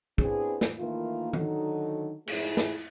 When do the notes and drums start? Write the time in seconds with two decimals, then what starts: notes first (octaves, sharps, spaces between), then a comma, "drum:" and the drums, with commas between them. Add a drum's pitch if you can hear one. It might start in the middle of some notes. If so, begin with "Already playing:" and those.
0.18 B3 C4 D4 E4 G#4, drum: kick
0.61 drum: snare
0.78 D#3 E3 A3 A#3 F4
1.33 D3 D#3 F#3 D#4 F#4 A4, drum: tom
2.27 F2 G#2 A3 E4 G#4, drum: cymbal
2.57 drum: snare